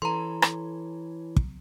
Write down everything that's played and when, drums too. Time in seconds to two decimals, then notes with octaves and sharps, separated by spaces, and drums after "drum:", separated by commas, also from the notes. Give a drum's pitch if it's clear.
0.02 E3 C#4 A4 A#5 C6
0.42 drum: rim click
1.36 drum: kick